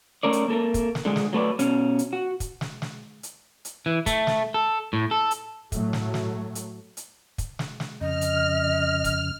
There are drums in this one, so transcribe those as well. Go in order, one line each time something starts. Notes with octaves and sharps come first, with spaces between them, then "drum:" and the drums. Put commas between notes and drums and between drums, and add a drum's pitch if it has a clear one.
A3 C#4 A#4 D5
drum: hi-hat
A#3 A4 A#4
drum: kick, hi-hat
drum: snare
D3 G#3 G#4
drum: snare
F#3 A3 B4 D5
B2 C#4, drum: hi-hat
drum: hi-hat
F#4
drum: kick, hi-hat
drum: snare
drum: snare
drum: hi-hat
drum: hi-hat
E3
A3, drum: kick, hi-hat
drum: snare
A4
A2
A4
drum: hi-hat
A2 F#3 A3, drum: kick, hi-hat
drum: snare
drum: snare
drum: hi-hat
drum: hi-hat
drum: kick, hi-hat
drum: snare
drum: snare
F2 C#3 D#5 F6
drum: hi-hat
drum: kick, hi-hat